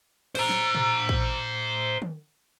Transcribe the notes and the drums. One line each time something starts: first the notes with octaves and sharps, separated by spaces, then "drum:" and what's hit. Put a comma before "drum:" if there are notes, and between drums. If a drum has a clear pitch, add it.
C5 A#5, drum: cymbal
drum: snare
drum: tom
drum: kick
drum: tom